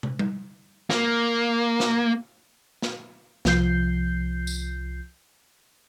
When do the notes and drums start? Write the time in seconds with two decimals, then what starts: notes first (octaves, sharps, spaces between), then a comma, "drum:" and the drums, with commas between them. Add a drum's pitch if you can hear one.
0.03 drum: tom
0.19 drum: tom G3
0.90 A#3, drum: snare
1.80 drum: snare
2.82 drum: snare
3.45 C2 F3 G6 C7, drum: snare
4.47 drum: tambourine